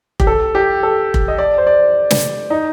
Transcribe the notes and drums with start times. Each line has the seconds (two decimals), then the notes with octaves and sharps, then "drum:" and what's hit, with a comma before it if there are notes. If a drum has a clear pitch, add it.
0.20 G4, drum: kick F1
0.27 A4
0.55 G4
0.83 A4
1.14 drum: kick F1
1.28 D#5
1.38 D5
1.58 C5
1.67 D5
2.11 drum: snare
2.50 D#4